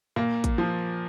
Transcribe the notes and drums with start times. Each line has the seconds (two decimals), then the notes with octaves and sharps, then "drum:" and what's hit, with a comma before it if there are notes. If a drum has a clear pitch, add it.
0.16 A#2 A#3
0.44 drum: kick, hi-hat
0.58 F3